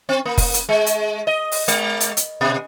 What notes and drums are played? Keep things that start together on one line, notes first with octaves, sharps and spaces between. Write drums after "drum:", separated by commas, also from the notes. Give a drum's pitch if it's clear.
C4
A#3
drum: kick F1, open hi-hat
drum: hi-hat
G#3
drum: hi-hat
D#5
drum: open hi-hat
G#3, drum: hi-hat
drum: hi-hat
drum: hi-hat
B2